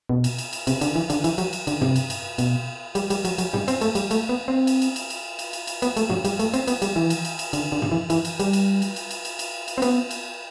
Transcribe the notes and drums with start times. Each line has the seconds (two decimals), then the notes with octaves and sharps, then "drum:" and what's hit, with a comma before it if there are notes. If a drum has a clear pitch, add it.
0.09 B2
0.24 drum: cymbal
0.38 drum: cymbal
0.53 drum: cymbal
0.67 C3, drum: cymbal
0.81 D3, drum: cymbal
0.95 E3
1.10 D3, drum: cymbal
1.24 E3, drum: cymbal
1.38 F#3, drum: cymbal
1.53 drum: cymbal
1.67 D3, drum: cymbal
1.81 C3, drum: tom
1.96 drum: cymbal
2.10 drum: cymbal
2.38 B2, drum: cymbal
2.95 G3, drum: cymbal
3.10 G3, drum: cymbal
3.25 F#3, drum: cymbal
3.38 F#3, drum: cymbal
3.53 G3, drum: tom
3.68 C4, drum: cymbal
3.81 A3, drum: cymbal
3.95 G3, drum: cymbal
4.11 A3, drum: cymbal
4.29 B3
4.48 C4
4.67 drum: cymbal
4.82 drum: cymbal
4.96 drum: cymbal
5.10 drum: cymbal
5.39 drum: cymbal
5.53 drum: cymbal
5.67 drum: cymbal
5.82 B3, drum: cymbal
5.97 A3, drum: cymbal
6.10 F#3, drum: tom
6.25 G3, drum: cymbal
6.39 A3, drum: cymbal
6.54 C4, drum: cymbal
6.67 B3, drum: cymbal
6.82 G3, drum: cymbal
6.96 E3
7.10 drum: cymbal
7.25 drum: cymbal
7.39 drum: cymbal
7.53 D3, drum: cymbal
7.72 D3
7.82 drum: tom
7.92 E3
8.10 E3, drum: cymbal
8.25 drum: cymbal
8.40 G3, drum: cymbal
8.53 drum: cymbal
8.82 drum: cymbal
8.96 drum: cymbal
9.10 drum: cymbal
9.25 drum: cymbal
9.39 drum: cymbal
9.68 drum: cymbal
9.78 C4
9.82 B3, drum: cymbal
10.11 drum: cymbal